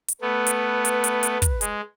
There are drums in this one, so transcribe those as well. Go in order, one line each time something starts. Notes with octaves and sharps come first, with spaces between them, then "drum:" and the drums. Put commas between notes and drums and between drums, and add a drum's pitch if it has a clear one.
drum: hi-hat
A3 B3 B4
drum: hi-hat
drum: hi-hat
drum: hi-hat
drum: hi-hat
drum: kick, hi-hat
G#3, drum: hi-hat